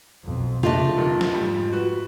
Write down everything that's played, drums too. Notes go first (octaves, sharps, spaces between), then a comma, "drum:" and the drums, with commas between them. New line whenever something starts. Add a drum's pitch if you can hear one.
B1 F2
F2 C#3 A3 D4 F4 G4 D#5 A5, drum: tom C3
F1 G2 D#3 A3
drum: snare
F2 G#2 G3
F#4 B4